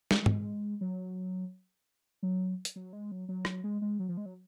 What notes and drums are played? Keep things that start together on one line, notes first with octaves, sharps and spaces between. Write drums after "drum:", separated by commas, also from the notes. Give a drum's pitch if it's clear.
G#3, drum: snare
drum: tom
F#3
F#3
drum: hi-hat
F#3
G#3
F#3
F#3
drum: rim click
G#3
G#3
F#3
F3
G#3
F#3